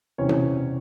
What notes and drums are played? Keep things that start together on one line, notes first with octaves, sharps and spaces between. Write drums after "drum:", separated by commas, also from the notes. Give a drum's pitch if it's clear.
E2 C3 E3 C#4 C#5
drum: tom B2